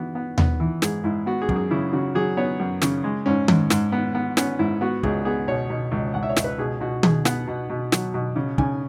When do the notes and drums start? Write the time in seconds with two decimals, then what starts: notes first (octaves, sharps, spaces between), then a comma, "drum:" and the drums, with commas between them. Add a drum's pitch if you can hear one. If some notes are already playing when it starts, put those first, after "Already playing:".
Already playing: E3 B3 F#4
0.15 B3
0.38 B3, drum: tom D#2
0.60 E3
0.82 G#2 G#4, drum: snare
1.04 G#2 E4
1.26 B3 F#4
1.42 G#4
1.49 F#2, drum: kick
1.56 G#4
1.71 C#3 E4
1.93 C#3 F#4
2.15 F#3 G#4
2.37 B3 C#5
2.60 F#2
2.82 C#3, drum: snare
3.04 G#3
3.26 G#2 C#4
3.48 G#2, drum: tom D#3
3.70 G#2, drum: snare
3.92 B3
4.15 B3
4.37 B3 C#4, drum: snare
4.59 G#2 E4
4.81 B3 F#4
5.03 C#2 G#4, drum: kick
5.25 B3 G#4
5.48 B2 C#5
5.70 B2
5.92 C#2
6.14 C#2 F#5
6.23 E5
6.29 C#5
6.36 C#2, drum: snare
6.44 B4
6.58 B2 G#4
6.80 B2 F#4
7.03 B2 G#4, drum: tom D#3
7.25 B3 F#5, drum: snare
7.47 B2
7.70 B2
7.92 F#3, drum: snare
8.14 B2
8.36 C#3
8.58 C#3 G#5, drum: kick